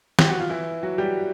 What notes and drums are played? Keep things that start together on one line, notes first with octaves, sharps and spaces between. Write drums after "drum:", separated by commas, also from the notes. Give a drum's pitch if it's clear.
G4, drum: snare
F#4
F4
E3 E4
F#3 F#4
G3 G4